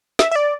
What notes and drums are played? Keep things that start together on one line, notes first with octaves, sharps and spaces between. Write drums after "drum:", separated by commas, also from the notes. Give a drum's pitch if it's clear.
E5, drum: snare
E5
D5